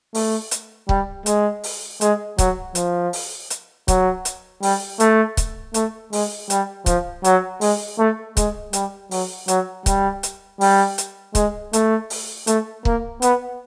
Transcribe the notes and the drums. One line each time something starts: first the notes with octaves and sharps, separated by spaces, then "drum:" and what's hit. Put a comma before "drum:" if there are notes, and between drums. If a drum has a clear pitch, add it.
A3, drum: open hi-hat
drum: hi-hat
G3, drum: kick C#1
G#3, drum: hi-hat
drum: open hi-hat
G#3, drum: hi-hat
F#3, drum: kick C#1, hi-hat
F3, drum: hi-hat
drum: open hi-hat
drum: hi-hat
F#3, drum: kick C#1, hi-hat
drum: hi-hat
G3, drum: open hi-hat
A3, drum: hi-hat
drum: kick C#1, hi-hat
A3, drum: hi-hat
G#3, drum: open hi-hat
G3, drum: hi-hat
F3, drum: kick C#1, hi-hat
F#3, drum: hi-hat
G#3, drum: open hi-hat
A3
G#3, drum: kick C#1, hi-hat
G3, drum: hi-hat
F#3, drum: open hi-hat
F#3, drum: hi-hat
G3, drum: kick C#1, hi-hat
drum: hi-hat
G3, drum: open hi-hat
drum: hi-hat
G#3, drum: kick C#1, hi-hat
A3, drum: hi-hat
drum: open hi-hat
A3, drum: hi-hat
A#3, drum: kick C#1
B3, drum: hi-hat